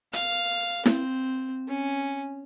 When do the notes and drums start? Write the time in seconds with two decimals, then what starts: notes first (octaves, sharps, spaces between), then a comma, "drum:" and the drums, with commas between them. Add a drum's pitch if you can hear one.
0.13 F5, drum: hi-hat
0.86 C4, drum: snare E4
1.68 C#4